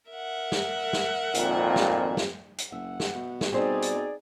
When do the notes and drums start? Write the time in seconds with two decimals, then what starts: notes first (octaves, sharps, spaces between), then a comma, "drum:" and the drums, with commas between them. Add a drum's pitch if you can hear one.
0.11 A#4 E5 F#5
0.52 drum: snare
0.93 drum: snare
1.34 G#1 F2 A#2, drum: hi-hat
1.76 drum: snare
2.17 drum: snare
2.58 drum: hi-hat
2.72 F#1 E5 F#5
3.00 drum: snare
3.15 B2
3.41 drum: snare
3.52 B2 G3 C4 D#4 G#4 C5 D5
3.82 drum: hi-hat